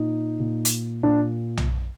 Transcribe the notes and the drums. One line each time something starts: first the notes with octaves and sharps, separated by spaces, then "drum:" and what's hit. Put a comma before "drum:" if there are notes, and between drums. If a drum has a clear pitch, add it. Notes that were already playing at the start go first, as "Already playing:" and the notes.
Already playing: A#2 D#4
A#2
drum: hi-hat
A#2 D4
drum: tom B1